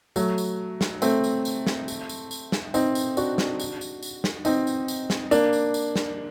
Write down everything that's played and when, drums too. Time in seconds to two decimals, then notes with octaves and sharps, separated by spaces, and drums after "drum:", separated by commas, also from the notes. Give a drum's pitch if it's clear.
0.16 F#3 A3, drum: tambourine
0.38 drum: tambourine
0.81 drum: snare
1.02 A3 C4, drum: tambourine
1.24 drum: tambourine
1.45 drum: tambourine
1.67 drum: snare
1.88 drum: tambourine
2.09 drum: tambourine
2.31 drum: tambourine
2.52 drum: snare
2.74 C4 D#4, drum: tambourine
2.95 drum: tambourine
3.17 D4 F#4, drum: tambourine
3.38 drum: snare
3.60 drum: tambourine
3.81 drum: tambourine
4.02 drum: tambourine
4.24 drum: snare
4.45 C4 D#4, drum: tambourine
4.67 drum: tambourine
4.88 drum: tambourine
5.10 drum: snare
5.31 A#3 D4, drum: tambourine
5.53 drum: tambourine
5.74 drum: tambourine
5.96 drum: snare